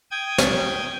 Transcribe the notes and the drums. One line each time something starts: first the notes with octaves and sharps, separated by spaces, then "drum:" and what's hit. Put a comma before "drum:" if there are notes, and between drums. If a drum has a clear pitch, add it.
G5 D#6 G#6
drum: snare